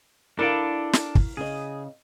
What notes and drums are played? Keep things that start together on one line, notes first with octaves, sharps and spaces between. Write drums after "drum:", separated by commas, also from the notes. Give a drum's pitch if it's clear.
D4 E4 A4 A#4 D5 F5
drum: snare
drum: kick
C#3 G#4 D#5